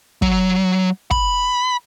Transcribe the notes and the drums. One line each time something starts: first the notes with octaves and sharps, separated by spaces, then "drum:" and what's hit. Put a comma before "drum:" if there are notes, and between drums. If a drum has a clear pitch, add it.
F#3, drum: kick
B5, drum: kick